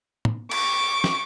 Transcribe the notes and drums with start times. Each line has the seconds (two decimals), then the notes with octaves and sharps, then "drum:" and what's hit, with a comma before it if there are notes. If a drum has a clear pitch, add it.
0.25 drum: tom
0.51 C#6 D6, drum: cymbal
1.04 drum: snare